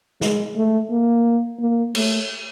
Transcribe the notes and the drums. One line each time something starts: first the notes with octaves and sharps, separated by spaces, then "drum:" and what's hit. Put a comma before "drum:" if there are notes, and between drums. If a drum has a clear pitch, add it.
G#3, drum: snare
A3
A#3
A#3
A3, drum: cymbal